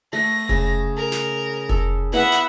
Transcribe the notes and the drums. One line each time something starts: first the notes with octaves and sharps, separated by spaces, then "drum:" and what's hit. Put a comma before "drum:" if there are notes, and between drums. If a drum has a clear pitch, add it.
A3 A#6
C#3, drum: kick F1
A#4
drum: snare
A4, drum: kick F1
B3 E4 B4 E5 F#5
drum: snare